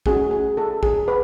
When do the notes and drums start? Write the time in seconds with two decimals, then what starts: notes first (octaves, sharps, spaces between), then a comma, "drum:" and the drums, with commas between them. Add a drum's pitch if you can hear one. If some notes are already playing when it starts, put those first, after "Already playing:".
0.06 A3 C#4 F#4 G#4, drum: kick
0.31 G#4
0.57 A4
0.83 G#4, drum: kick
1.08 B4